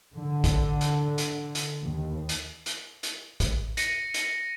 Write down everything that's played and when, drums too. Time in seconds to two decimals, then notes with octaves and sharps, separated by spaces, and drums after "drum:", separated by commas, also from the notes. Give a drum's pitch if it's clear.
0.15 D3
0.44 drum: kick A1, hi-hat
0.81 drum: hi-hat
1.18 drum: hi-hat
1.55 drum: hi-hat
1.84 D#2
2.29 drum: hi-hat
2.66 drum: hi-hat
3.03 drum: hi-hat
3.40 drum: kick A1, hi-hat
3.77 A#6 C#7 D#7, drum: hi-hat
4.14 drum: hi-hat